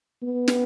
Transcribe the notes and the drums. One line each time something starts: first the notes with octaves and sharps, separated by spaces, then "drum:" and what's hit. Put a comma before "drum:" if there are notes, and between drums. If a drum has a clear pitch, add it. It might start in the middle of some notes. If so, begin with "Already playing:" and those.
B3
drum: snare